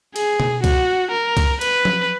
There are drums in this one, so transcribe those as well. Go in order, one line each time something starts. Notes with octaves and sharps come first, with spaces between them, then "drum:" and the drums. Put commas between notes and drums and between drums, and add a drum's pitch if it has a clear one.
G#4, drum: cymbal
drum: tom B2
F#4, drum: kick, cymbal
A#4
drum: kick, cymbal
B4, drum: cymbal
drum: tom F3